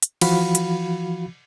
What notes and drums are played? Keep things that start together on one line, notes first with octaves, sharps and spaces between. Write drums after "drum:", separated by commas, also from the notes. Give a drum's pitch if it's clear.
drum: hi-hat
E3 F3 F#4 F5 B5, drum: cymbal
drum: hi-hat